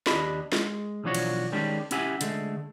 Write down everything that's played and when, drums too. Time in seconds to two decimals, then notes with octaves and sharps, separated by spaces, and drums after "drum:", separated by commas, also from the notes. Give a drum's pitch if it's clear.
0.06 D#2 D4 G4 D#5 B5, drum: snare
0.52 G#3, drum: snare
1.04 B1 E3 F3 D4 F#4 C#5
1.14 drum: cymbal
1.52 D#3 G3 G#3 C#4 D4 G4
1.91 C#4 E4 G4 E5 F#5 G#5, drum: hi-hat
2.21 D3 G#3 A3, drum: hi-hat